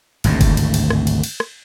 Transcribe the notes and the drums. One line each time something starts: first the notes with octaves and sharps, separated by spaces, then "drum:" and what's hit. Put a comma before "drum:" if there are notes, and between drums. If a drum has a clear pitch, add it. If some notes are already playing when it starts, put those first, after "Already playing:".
G#1 D2 A2 C3, drum: cymbal
drum: kick F#1, cymbal
drum: cymbal
drum: cymbal
drum: rim click
drum: cymbal
drum: cymbal
drum: rim click